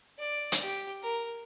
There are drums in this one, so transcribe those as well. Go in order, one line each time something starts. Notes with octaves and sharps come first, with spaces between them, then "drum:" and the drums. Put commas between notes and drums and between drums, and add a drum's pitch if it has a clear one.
D5
drum: hi-hat
G4
A#4